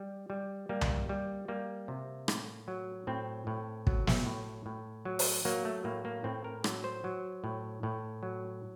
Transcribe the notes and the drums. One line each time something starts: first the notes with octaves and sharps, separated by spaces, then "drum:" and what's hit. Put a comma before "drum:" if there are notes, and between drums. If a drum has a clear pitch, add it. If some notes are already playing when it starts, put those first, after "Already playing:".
Already playing: G3
G3
G3 A#3
drum: tom C2
G3
G3 A#3
C3
A2, drum: rim click
F#3
A2 C4
A2
F#3, drum: kick
drum: snare
A2
A2
F#3
drum: open hi-hat
F#3 A#3
A3
A2 A#3
A#3
A2 C4
A#4
F#3 A4, drum: rim click
C5
F#3
A2
A2
F#3